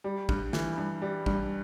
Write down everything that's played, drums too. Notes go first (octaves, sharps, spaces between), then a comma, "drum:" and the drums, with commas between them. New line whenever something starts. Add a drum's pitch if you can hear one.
G3
G2, drum: kick A1
E3, drum: snare
G2
G3
G2, drum: kick A1